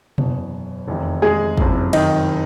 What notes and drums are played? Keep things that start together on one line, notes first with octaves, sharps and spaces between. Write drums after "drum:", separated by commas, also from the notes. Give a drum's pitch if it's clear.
F#1 E2 B2, drum: tom B2
F1 E2 C3 D#3
G#3 G#4
F#1 F2 C3, drum: kick
D#3 D#4, drum: cymbal